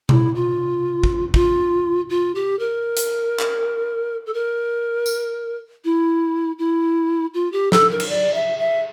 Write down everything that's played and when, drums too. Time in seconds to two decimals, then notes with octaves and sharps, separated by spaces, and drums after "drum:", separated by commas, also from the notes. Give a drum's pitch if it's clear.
0.09 E4, drum: tom B2
0.35 F4
1.04 drum: kick G#1
1.34 F4, drum: kick G#1
2.10 F4
2.35 G4
2.59 A#4
2.97 drum: hi-hat
3.39 drum: clap
4.26 A4
4.34 A#4
5.06 drum: tambourine
5.85 E4
6.59 E4
7.34 F4
7.52 G4
7.72 A4, drum: snare
7.91 A#4
8.00 drum: cymbal
8.09 D5
8.34 E5
8.59 E5